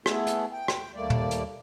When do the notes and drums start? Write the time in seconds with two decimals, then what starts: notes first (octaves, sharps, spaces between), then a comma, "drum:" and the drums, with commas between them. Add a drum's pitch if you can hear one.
0.06 A3 B3 E4 G#4 A4, drum: rim click
0.27 drum: hi-hat
0.53 G5
0.68 drum: rim click
0.94 D#2 G3 A3 A#3 D5
1.10 drum: tom
1.31 drum: hi-hat